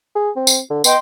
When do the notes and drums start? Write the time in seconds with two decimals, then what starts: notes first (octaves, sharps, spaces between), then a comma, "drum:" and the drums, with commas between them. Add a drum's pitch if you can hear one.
0.16 G#4
0.36 C4
0.47 drum: tambourine
0.70 D3
0.84 B3 D#5 G5 C6, drum: tambourine